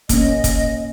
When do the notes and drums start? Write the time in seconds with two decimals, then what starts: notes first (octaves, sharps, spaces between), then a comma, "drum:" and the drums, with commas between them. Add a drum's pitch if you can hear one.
0.09 A#3 C#4 D#5, drum: kick, hi-hat
0.44 drum: kick, hi-hat